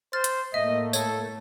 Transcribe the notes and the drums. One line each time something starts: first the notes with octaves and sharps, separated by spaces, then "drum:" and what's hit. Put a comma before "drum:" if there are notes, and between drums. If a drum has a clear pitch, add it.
C5 F6 A6
drum: hi-hat
A2 A3 A#3 D#5 E5
A4 C#5, drum: tambourine